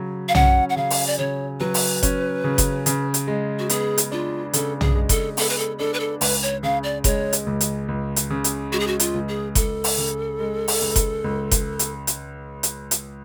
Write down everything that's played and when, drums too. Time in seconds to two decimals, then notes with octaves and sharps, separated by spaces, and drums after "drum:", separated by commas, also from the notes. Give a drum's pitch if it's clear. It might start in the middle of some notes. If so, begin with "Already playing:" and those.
Already playing: C#3 F#3
0.28 F5
0.35 C#4 F#5, drum: tom B1
0.70 F#5
0.76 C#3 F5
0.90 drum: open hi-hat
1.07 D5
1.18 C#3 C#5
1.60 F#3 B4
1.74 drum: open hi-hat
2.03 C#4, drum: kick F#1, hi-hat
2.44 C#3
2.58 drum: kick F#1, hi-hat
2.86 C#3, drum: hi-hat
3.14 drum: hi-hat
3.27 G#3
3.59 F#4
3.69 B3 G#4, drum: hi-hat
3.98 drum: hi-hat
4.11 D4 F4
4.53 C#3 A4, drum: hi-hat
4.81 G#4, drum: tom B1
4.95 G#3
5.09 A4, drum: kick F#1, hi-hat
5.37 B3 A4, drum: open hi-hat
5.49 B4
5.58 A4
5.79 D4 A4
5.94 B4
6.00 A4
6.21 C#2 B4, drum: open hi-hat
6.42 C#5
6.63 C#3 F5
6.83 D5
7.04 G#3 C#5, drum: kick F#1, hi-hat
7.33 drum: hi-hat
7.46 C#2
7.61 drum: hi-hat
7.88 C#2
8.16 drum: hi-hat
8.30 C#3
8.44 drum: hi-hat
8.72 G#3 F#4
8.80 G#4
8.87 F#4
9.00 F4, drum: hi-hat
9.14 C#2
9.28 G#4
9.55 C#2 A4, drum: kick F#1, hi-hat
9.84 drum: open hi-hat
9.98 C#3
10.39 G#3
10.68 drum: open hi-hat
10.81 C#2
10.96 drum: kick F#1, hi-hat
11.24 C#2
11.51 drum: kick F#1, hi-hat
11.79 drum: hi-hat
12.07 drum: hi-hat
12.63 drum: hi-hat
12.91 drum: hi-hat